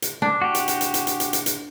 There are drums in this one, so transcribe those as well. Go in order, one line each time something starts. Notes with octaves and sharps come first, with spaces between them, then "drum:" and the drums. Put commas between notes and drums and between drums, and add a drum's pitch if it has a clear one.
drum: hi-hat
D4
F#4 G4
drum: hi-hat
drum: hi-hat
drum: hi-hat
drum: hi-hat
drum: hi-hat
drum: hi-hat
drum: hi-hat
drum: hi-hat